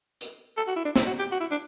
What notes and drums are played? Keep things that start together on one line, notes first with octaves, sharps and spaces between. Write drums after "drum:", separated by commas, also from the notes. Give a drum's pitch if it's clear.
drum: hi-hat
A4
F#4
E4
D4
E4, drum: snare
F#4
G4
F#4
E4
D4